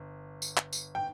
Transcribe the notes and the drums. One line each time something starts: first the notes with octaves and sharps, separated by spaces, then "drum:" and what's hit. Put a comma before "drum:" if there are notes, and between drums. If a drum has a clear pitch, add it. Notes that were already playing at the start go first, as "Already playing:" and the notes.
Already playing: G1
drum: tambourine
drum: clap
drum: tambourine
G5